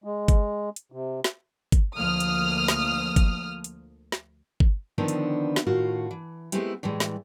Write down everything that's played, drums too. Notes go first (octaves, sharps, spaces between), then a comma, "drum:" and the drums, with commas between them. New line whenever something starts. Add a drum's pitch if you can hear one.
G#3
drum: kick G1, hi-hat
drum: hi-hat
C3
drum: snare
drum: kick G1, hi-hat
D2 F3 A#3 D#6 F6
drum: hi-hat
drum: snare
drum: kick G1, hi-hat
drum: hi-hat
drum: snare
drum: kick G1
D3 D#3 F3 B3 C4 D4
drum: hi-hat
drum: snare
A2 D#3 F4 F#4
E3
G#3 A3 B3 C4 E4 G4, drum: hi-hat
A2 E3 G3 G#3
drum: snare